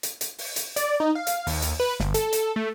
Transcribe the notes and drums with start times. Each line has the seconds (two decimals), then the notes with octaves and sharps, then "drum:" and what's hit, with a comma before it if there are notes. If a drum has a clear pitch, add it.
0.03 drum: hi-hat
0.21 drum: hi-hat
0.38 drum: open hi-hat
0.56 drum: hi-hat
0.76 D5, drum: hi-hat
1.00 D#4
1.15 F5
1.27 drum: hi-hat
1.47 D#2, drum: open hi-hat
1.62 drum: hi-hat
1.80 B4
2.00 G1, drum: snare
2.14 A4, drum: hi-hat
2.33 drum: hi-hat
2.56 A3